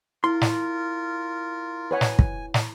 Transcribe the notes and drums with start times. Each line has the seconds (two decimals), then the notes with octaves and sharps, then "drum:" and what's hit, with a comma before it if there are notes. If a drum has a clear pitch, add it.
0.24 E4 F4 A#4 C6
0.41 drum: snare
1.91 B4 C#5 F#5 G#5
2.01 drum: snare
2.19 drum: kick
2.54 drum: snare